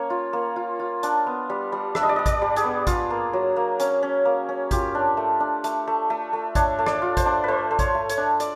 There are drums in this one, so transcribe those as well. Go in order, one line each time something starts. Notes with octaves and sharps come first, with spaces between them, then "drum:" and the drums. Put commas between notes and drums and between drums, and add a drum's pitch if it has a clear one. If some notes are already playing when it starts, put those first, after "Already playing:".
Already playing: A#3 C#4 C#5
F4
A#3
F4
F4
D4, drum: hi-hat
B3
G3
G3
D4 E5, drum: rim click
D#5
D5
G3 D#5
D5, drum: kick A1, hi-hat
G3
G#4, drum: hi-hat
B3
F4, drum: kick A1, hi-hat
A#3
F#3
A#3
C#4, drum: hi-hat
C#4
A#3
C#4
F4 G4, drum: kick A1, hi-hat
D4
A3
D4
A3, drum: hi-hat
A3
A3
A3
D4 C#5, drum: kick A1, hi-hat
A3
D5, drum: rim click
F4
C5, drum: kick A1, hi-hat
D4
A3 B4 C5
A3
C#5, drum: kick A1, hi-hat
A3
C#5, drum: hi-hat
D4
D5, drum: hi-hat